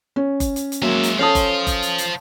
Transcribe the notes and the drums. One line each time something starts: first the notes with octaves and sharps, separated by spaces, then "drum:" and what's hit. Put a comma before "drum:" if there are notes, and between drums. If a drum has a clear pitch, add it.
C#4
drum: kick F#1, hi-hat
drum: hi-hat
drum: hi-hat
F#3 G#3 A#3 E5
drum: hi-hat
C#4 A4 C5 C#5 F5 A5 D#6
drum: kick F#1, hi-hat
drum: kick F#1, hi-hat
drum: hi-hat
drum: hi-hat